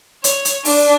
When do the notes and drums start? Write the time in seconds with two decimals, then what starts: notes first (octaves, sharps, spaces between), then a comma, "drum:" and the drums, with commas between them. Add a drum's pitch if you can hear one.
0.24 C#5, drum: hi-hat
0.45 drum: hi-hat
0.65 D4, drum: open hi-hat